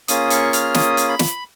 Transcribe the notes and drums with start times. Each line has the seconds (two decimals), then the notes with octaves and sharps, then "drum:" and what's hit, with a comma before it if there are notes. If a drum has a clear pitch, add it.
0.08 A#3 C#4 F4 G#4 D#6, drum: hi-hat
0.30 C#6, drum: hi-hat
0.53 F6, drum: hi-hat
0.74 D#6, drum: snare
0.97 drum: hi-hat
1.09 B5
1.19 drum: snare